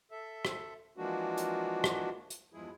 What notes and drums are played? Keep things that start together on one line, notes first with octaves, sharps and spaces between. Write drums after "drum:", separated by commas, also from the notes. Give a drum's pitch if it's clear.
A4 E5
drum: rim click
E3 F3 G#3 A#3 D4 F#4
drum: hi-hat
drum: rim click
drum: hi-hat
E2 G2 F3 G#3 E4 G#4